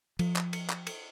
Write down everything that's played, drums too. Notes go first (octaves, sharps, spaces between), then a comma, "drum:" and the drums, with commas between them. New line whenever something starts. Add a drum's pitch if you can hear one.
F3, drum: cymbal
drum: clap
drum: cymbal
drum: clap
drum: cymbal